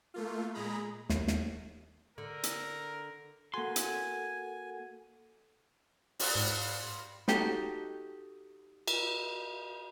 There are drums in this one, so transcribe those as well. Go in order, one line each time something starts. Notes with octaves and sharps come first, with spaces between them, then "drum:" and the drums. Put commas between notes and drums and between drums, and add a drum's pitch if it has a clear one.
A3 A#3 F4
A#2 G#3 G#4 A#5 B5
D#2, drum: snare
drum: snare
D3 A#4
drum: hi-hat
A#3 F#4 A4 F#5 G#5 C6
drum: hi-hat
G3 F4 F#5, drum: open hi-hat
G#2
D#4 F#4 G4 A4, drum: snare
drum: cymbal